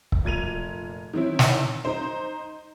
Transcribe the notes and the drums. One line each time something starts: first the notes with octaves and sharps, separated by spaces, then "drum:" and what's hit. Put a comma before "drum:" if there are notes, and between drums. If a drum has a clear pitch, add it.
drum: kick C#1
F1 A#2 G#6 D#7 F7
D#3 E3 C4 C#4 E4
drum: snare
D#4 C5